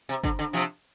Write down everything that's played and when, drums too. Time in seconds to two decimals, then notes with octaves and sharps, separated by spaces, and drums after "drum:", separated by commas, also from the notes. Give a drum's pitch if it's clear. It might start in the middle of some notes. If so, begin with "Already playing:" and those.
0.09 C3
0.24 D3, drum: kick G1
0.39 D3
0.53 C3 F3